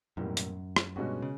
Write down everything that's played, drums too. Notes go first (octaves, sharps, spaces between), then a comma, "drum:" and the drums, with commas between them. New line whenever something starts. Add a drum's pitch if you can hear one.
B1 F#2 A2 E3 G3 A#3
drum: hi-hat
drum: rim click
G2 B2 G#3 C#4 F#4
C#3